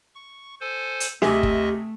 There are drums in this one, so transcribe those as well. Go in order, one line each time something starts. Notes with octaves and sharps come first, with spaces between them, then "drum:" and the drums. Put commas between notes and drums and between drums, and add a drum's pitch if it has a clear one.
C#6
A4 C5 G#5
drum: hi-hat
D2 C3 A3 G4 G#4 D#5 E5, drum: snare
drum: kick